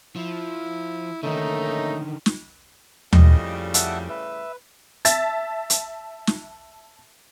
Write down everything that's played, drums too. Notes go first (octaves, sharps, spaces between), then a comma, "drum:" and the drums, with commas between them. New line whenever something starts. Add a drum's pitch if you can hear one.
F3 E4
D3 D#3 A3 A#3 C#4 D#4
drum: snare
F2 A2 C#3 G3 D#5, drum: tom D#2
E5 F#5 A5, drum: hi-hat
B4 E5
E5 A5 A6, drum: hi-hat
drum: hi-hat
drum: snare